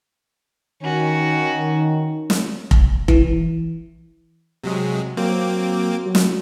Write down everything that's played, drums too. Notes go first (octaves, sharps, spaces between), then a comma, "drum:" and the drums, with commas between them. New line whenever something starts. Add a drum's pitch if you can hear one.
D#3 C#4 F#4
drum: snare
drum: kick F1
E3, drum: kick F1
C3 F#3 G#3
F#3 A#3 C4 D6
F#3
drum: snare